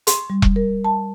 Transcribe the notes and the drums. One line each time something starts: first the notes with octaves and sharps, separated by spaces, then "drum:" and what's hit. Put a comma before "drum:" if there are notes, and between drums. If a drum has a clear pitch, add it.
C6, drum: hi-hat
G3
drum: kick E1
A#4
A5